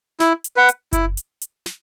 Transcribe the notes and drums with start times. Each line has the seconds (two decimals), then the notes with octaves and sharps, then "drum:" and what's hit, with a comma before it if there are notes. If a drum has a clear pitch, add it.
0.20 E4, drum: snare
0.44 drum: hi-hat
0.56 B4 F#5
0.69 drum: hi-hat
0.93 E4, drum: kick F#1, hi-hat
1.17 drum: hi-hat
1.41 drum: hi-hat
1.66 drum: snare